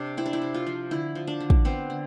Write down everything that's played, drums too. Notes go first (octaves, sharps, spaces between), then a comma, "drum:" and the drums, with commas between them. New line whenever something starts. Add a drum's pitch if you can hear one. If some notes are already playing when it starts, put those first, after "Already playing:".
Already playing: C3 D4
C4 E4
D4
E4
C3
F4
F3
D3 E4
F3
D4
D3
drum: kick
B3 C4
D3